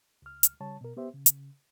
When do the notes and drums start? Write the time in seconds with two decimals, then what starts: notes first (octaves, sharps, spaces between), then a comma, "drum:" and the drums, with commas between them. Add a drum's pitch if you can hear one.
0.22 C#2 F6
0.43 drum: hi-hat
0.60 C#3 G3 C#5 A5
0.81 B2 A#4
0.97 B3 G4 C5 E5
1.14 C#3
1.26 drum: hi-hat